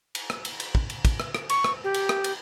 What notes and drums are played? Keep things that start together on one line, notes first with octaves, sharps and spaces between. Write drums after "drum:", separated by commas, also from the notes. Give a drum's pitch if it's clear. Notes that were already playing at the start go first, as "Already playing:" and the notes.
drum: cymbal
drum: rim click
drum: cymbal
drum: cymbal
drum: kick
drum: cymbal
drum: kick, cymbal
drum: rim click
drum: rim click
C#6, drum: cymbal
drum: rim click
G4
drum: cymbal
drum: rim click
drum: cymbal